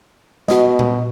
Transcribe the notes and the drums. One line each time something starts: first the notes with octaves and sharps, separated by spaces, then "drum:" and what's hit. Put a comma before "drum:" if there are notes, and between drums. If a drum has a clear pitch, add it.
B2 F#4 D#5, drum: snare
drum: tom A#2